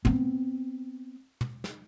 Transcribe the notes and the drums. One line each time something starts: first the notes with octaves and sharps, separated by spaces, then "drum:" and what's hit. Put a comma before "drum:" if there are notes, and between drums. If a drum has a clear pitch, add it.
B3 C4, drum: tom
drum: tom
drum: snare